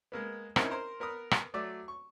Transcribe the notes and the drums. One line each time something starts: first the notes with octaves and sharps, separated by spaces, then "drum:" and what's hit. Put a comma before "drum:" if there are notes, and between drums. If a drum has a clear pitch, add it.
G#3 A#3 B3
C4 C#4 D#4 E4 A#4, drum: rim click
A#4 C5 A#5 C6
B3 A#4 B4 D#6
drum: rim click
F#3 A3 D5 D6
C#6